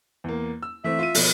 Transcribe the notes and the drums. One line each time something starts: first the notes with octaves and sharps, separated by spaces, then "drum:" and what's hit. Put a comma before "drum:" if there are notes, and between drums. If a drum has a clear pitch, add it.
E2 A#3
E6
E3 A3 C4 E5
F4 D#7
B2 F3, drum: open hi-hat